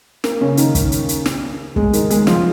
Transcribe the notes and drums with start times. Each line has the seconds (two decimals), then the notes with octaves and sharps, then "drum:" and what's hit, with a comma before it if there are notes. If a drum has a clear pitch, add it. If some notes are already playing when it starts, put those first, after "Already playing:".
0.24 A#3, drum: snare
0.41 C#3 C#4
0.57 D#3 D#4, drum: hi-hat
0.75 drum: kick, hi-hat
0.92 drum: hi-hat
1.09 drum: hi-hat
1.26 drum: snare
1.76 G#3 G#4, drum: kick
1.93 D#3 D#4, drum: hi-hat
2.10 G#3 G#4, drum: hi-hat
2.27 F3 F4, drum: snare